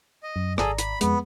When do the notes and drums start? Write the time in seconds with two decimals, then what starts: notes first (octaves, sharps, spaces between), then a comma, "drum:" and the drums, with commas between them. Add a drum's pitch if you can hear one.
0.23 D#5
0.36 F#2
0.58 G#1 G#4 A4 D5 A#5, drum: rim click
0.78 B5, drum: hi-hat
1.01 F2 G#3 B3, drum: hi-hat